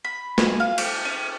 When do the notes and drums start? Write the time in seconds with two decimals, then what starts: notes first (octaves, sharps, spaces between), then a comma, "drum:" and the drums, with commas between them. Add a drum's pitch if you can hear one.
0.05 B5
0.38 G#5, drum: snare
0.60 F5
0.78 D6, drum: cymbal
1.05 C#4